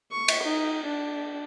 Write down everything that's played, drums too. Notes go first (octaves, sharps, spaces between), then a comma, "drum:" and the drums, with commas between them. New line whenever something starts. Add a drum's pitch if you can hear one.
C#6
drum: cymbal
D#4
D4